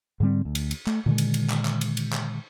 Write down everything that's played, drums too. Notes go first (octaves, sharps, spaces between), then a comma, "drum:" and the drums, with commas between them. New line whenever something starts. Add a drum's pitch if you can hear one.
G#2 D3 G3 C4
D2
drum: cymbal
drum: cymbal
A3, drum: clap
A#2 D3 D#3 G#3
drum: cymbal
drum: cymbal
drum: clap
drum: clap
drum: cymbal
drum: cymbal
drum: clap